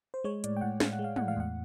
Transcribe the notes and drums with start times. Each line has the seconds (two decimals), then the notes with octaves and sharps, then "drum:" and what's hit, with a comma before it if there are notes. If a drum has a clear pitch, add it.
0.14 C5
0.24 G#3 C#5
0.44 A2 D5, drum: hi-hat
0.57 G5
0.61 A2 F#5
0.80 A2 F5, drum: snare
0.93 F#5
0.99 G#3
1.04 F5
1.16 A2 F#5, drum: tom
1.28 F5
1.37 E2 F#5